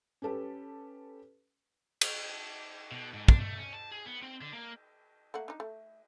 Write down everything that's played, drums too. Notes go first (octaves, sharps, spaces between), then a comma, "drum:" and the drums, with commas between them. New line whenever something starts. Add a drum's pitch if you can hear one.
C#4 G4 A4 B4
drum: cymbal
B2
G#2
D4, drum: kick
A3
C#4
A5
G#4
B3
C4
D3
A#3
A3 A#3 F#5
D4 D#4
A3